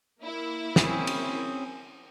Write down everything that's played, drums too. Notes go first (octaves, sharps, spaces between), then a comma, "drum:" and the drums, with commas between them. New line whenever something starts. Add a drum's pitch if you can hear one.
A#3 E4
C4 C#4 G#4, drum: snare
drum: cymbal